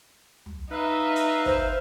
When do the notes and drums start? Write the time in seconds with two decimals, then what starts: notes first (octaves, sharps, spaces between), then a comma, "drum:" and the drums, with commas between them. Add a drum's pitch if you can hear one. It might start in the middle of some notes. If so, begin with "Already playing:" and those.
0.46 drum: tom
0.71 D#4 B4 E5 F5
1.16 drum: hi-hat
1.46 C5, drum: kick